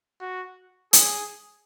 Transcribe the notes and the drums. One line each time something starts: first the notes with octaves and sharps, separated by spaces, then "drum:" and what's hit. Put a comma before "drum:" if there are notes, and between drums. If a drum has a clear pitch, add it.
F#4
G#4, drum: hi-hat